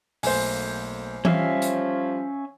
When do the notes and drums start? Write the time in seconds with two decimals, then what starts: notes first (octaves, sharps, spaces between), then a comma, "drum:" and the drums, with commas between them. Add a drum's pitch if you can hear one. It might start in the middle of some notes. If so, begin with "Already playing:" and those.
0.23 B1 A3 A#3 C5 G#5, drum: open hi-hat
1.25 F3 G3 C#4 E5 F5, drum: tom E3
1.62 drum: hi-hat